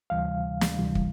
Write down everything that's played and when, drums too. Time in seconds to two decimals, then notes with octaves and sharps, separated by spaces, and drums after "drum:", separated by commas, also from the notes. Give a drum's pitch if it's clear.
0.10 D2 C3 E3 G3 F5
0.61 drum: snare
0.79 D2 C3 E3 G3
0.95 drum: kick